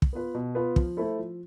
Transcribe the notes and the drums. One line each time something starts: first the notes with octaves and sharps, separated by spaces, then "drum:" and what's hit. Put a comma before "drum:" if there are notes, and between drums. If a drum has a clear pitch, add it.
drum: kick
B3 F4 B4
B2
B3 F4 B4
F3, drum: kick
A3 E4 A4 C5
F3